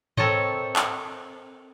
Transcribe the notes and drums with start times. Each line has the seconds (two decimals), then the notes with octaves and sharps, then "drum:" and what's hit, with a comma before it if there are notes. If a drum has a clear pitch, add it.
0.17 C4 A4 A#4 C#5 D#5, drum: tom G#2
0.76 drum: clap